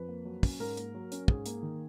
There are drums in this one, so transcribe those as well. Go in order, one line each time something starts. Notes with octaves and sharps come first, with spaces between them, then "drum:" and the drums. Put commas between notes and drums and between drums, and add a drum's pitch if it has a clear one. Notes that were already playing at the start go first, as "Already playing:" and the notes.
Already playing: F2 B4
A#3
F#3
C#4, drum: kick, open hi-hat
G#2 A#4
A#3, drum: hi-hat
F#3
C#4, drum: hi-hat
G#2 G#4, drum: kick
A#3, drum: hi-hat
D#3